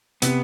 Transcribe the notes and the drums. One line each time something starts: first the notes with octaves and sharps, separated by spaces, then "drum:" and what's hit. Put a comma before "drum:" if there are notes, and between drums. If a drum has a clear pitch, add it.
C3 B3, drum: hi-hat